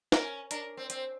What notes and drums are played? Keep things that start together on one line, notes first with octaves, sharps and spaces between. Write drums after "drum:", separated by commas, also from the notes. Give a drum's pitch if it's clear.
C#4 A#4, drum: snare
D4 A#4, drum: hi-hat
C4
C4, drum: hi-hat